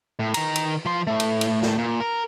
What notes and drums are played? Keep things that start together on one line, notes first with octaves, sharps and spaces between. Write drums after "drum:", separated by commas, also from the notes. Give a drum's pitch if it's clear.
A2
D#3 A#5, drum: cymbal
drum: cymbal
F3 C6
A2 A3
drum: cymbal
drum: cymbal
drum: snare
A#2
A#4